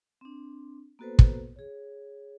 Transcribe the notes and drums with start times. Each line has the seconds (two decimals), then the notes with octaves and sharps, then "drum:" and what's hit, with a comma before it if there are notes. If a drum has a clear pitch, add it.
0.21 C4 D4
0.99 A#3 B3 F#4 A4 B4 C5
1.19 drum: kick
1.56 G#4 C#5